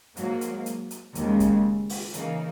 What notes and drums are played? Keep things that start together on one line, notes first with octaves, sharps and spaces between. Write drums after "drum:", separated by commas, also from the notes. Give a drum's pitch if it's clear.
G#2 F#3 A#3, drum: hi-hat
drum: hi-hat
drum: hi-hat
drum: hi-hat
D#2 C#3 G#3, drum: hi-hat
drum: kick, hi-hat
drum: open hi-hat
C#3 E3 A#3 D#4, drum: hi-hat